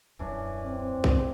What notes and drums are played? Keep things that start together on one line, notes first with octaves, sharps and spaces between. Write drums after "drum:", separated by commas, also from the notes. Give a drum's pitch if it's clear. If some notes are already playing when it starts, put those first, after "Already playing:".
D#1 F#2 E3 C#4 D4
C4
drum: kick